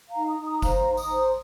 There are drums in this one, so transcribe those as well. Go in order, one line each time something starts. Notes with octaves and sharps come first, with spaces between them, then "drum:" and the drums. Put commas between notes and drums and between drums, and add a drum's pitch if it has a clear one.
F5 A#5
D#4
A#5 D#6
D#4
A#5 D#6
C5 F5 A#5, drum: kick F#1, tambourine
D#4
A#5 D#6, drum: tambourine
C5